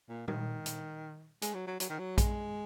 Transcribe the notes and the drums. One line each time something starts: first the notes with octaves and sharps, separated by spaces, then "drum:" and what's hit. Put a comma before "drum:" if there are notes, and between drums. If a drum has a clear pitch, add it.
A#2
D#3, drum: tom
drum: hi-hat
G#3, drum: hi-hat
F#3
F#3
F#3, drum: hi-hat
D#3
F#3
G#3, drum: kick A#1, hi-hat